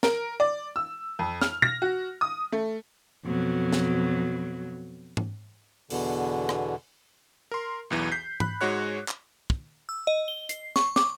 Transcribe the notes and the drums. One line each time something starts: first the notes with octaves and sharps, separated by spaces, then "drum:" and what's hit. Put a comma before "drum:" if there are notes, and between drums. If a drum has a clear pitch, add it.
A#4, drum: snare
D5
E6
F2
F6, drum: snare
A#6, drum: tom B2
F#4
D#6
A3
F2 B2 F#3
drum: snare
drum: tom G#2
E2 B2 D3, drum: open hi-hat
drum: rim click
A#4 C6
B1 E2 E3
G6 B6 C7
B5 F#6, drum: tom G#2
G#2 G#3 F#4 C#5 F#6
drum: clap
drum: kick
E6
D#5
G7
C7, drum: hi-hat
C#6, drum: snare
D6, drum: snare